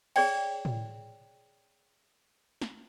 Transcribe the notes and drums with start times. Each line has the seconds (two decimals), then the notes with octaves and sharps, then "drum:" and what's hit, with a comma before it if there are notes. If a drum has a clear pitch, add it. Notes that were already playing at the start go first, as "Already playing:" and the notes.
0.16 G#4 C#5 D5 G5, drum: cymbal
0.65 drum: tom A2
2.62 drum: snare